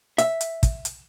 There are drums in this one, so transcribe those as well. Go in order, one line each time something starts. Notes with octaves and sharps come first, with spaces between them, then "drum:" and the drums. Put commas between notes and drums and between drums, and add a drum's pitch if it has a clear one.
E5, drum: hi-hat
drum: hi-hat
drum: kick, hi-hat
drum: hi-hat